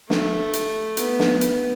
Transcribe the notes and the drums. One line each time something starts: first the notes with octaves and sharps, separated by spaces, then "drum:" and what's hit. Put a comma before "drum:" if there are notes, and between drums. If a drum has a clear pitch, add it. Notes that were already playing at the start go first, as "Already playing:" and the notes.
A3, drum: snare
drum: hi-hat
B3, drum: hi-hat
drum: snare
B3, drum: hi-hat